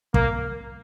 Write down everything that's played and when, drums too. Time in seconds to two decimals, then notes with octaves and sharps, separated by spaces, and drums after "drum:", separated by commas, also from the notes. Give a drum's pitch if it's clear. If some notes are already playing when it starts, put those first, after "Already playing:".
0.14 A#3, drum: kick